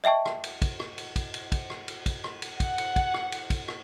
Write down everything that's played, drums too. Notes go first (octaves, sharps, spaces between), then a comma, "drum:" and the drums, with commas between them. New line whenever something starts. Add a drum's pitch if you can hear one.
D#5 E5 G5 A5 C#6
drum: rim click
drum: cymbal
drum: kick, cymbal
drum: rim click
drum: cymbal
drum: kick, cymbal
drum: cymbal
drum: kick, cymbal
drum: rim click
drum: cymbal
drum: kick, cymbal
drum: rim click
drum: cymbal
F#5, drum: kick, cymbal
drum: cymbal
drum: kick, cymbal
drum: rim click
drum: cymbal
drum: kick, cymbal
drum: rim click